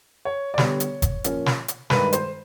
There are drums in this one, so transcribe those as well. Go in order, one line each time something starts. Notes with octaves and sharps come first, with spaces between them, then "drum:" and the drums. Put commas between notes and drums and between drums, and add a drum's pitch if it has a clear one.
C#5
D5
D3 G3 B3 C#5, drum: snare
drum: hi-hat
drum: kick F1, hi-hat
A#2 F3 A#3 C#4, drum: hi-hat
drum: snare
drum: hi-hat
G2 D#3 G#3 B4, drum: snare
C5, drum: hi-hat